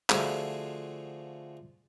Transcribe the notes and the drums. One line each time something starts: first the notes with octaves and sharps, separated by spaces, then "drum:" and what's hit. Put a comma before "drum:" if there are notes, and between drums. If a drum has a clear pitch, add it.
D3 F3 A3 F4 F#4 G#4, drum: clap